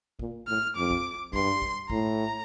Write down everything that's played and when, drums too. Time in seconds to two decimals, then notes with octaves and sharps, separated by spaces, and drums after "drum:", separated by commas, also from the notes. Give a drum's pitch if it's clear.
0.19 A#2, drum: kick
0.48 A2 F6
0.76 F2 D6
0.91 drum: kick
1.33 G2 C6, drum: kick
1.62 drum: kick
1.90 A2 A#5, drum: kick